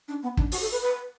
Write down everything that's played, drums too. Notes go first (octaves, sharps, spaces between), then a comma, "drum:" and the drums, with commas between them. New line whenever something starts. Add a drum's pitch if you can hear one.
D4
B3
D4, drum: kick
F#4, drum: open hi-hat
A4
B4
B4